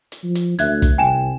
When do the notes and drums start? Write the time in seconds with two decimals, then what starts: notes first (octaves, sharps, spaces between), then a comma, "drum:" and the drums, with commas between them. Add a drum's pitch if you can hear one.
0.12 drum: hi-hat
0.23 F3
0.35 drum: hi-hat
0.59 D2 E5 F#6 G#6, drum: hi-hat
0.82 drum: kick, hi-hat
0.98 C2 G5 G#5 E7